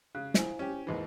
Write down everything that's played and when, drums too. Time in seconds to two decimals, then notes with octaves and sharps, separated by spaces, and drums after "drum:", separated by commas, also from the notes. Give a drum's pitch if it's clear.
0.15 C#3 F#6
0.34 E4 C5 G#5, drum: snare
0.59 C#4 G4
0.87 D#2 G#2 E3